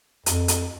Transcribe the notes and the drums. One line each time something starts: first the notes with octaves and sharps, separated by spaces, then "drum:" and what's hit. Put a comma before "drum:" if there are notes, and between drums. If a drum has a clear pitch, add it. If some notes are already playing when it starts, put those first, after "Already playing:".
F2, drum: hi-hat
drum: hi-hat